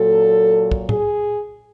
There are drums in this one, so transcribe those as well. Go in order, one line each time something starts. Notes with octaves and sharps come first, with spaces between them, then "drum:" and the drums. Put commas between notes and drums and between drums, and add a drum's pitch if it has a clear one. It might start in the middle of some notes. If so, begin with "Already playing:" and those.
Already playing: A#2 F#3 A4
drum: kick
G#4, drum: tom A2